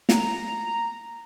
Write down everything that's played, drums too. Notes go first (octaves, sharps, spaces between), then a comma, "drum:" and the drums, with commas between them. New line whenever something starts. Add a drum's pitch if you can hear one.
A#5, drum: snare